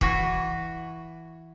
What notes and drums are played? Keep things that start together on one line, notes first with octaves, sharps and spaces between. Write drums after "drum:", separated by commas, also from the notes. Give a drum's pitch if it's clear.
E3 F#4, drum: kick